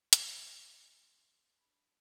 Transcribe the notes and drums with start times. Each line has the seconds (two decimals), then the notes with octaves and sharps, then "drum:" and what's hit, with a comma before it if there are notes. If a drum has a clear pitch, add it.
0.13 G2 C6, drum: hi-hat
1.55 D4 B5